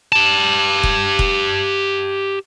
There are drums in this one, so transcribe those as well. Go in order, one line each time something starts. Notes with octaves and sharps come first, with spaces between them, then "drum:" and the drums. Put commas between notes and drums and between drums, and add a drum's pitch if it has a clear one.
G4 A5
drum: kick E1
drum: kick E1